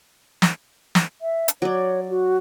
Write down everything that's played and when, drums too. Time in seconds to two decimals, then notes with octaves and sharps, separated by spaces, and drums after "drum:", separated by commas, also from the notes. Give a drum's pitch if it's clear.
0.42 drum: snare
0.95 drum: snare
1.22 E5
1.48 drum: hi-hat
1.62 F#3 C#5 D5
2.10 F#4